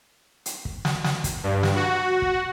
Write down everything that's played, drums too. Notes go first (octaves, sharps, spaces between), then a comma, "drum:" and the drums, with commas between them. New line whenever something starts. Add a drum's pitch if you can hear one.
drum: hi-hat
drum: kick
drum: snare
drum: snare
drum: kick, hi-hat
G2
drum: snare
F#4
drum: kick